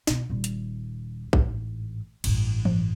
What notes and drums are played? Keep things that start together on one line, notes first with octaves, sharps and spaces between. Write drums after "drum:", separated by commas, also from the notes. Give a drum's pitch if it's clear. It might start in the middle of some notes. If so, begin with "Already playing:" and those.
B2 B3, drum: snare
D#1 G3
drum: hi-hat
A1 G#2, drum: kick
A1 G2, drum: cymbal
drum: tom E3